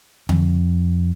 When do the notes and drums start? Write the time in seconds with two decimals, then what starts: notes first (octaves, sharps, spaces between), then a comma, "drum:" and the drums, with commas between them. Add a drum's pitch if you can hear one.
0.29 F2, drum: tom D3